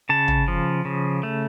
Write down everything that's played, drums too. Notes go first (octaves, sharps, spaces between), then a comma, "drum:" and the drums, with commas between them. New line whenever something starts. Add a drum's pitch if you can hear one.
C#3 A5
drum: tom
F3
C#3
A3